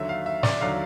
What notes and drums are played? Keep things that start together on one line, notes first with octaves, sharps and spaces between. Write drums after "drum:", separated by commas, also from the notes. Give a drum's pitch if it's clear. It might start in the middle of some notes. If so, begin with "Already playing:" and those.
Already playing: D#2 D3 F#3 E5
F5
E5
D5, drum: snare
D#2 D3 F#3 F5